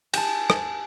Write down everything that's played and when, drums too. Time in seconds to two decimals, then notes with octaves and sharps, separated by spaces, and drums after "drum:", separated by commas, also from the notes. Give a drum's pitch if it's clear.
0.14 G#5 A5, drum: cymbal
0.50 drum: rim click